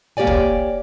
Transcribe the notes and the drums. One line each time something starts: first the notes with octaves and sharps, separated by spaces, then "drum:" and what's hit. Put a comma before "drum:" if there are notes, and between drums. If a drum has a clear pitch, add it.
A#3 G4 C#5 D5 G#5
drum: kick